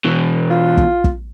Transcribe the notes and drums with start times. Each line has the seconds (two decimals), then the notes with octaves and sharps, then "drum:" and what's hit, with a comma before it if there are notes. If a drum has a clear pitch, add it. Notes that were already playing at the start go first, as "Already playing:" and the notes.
0.05 B2 E3
0.50 F4
0.77 drum: kick
1.04 drum: kick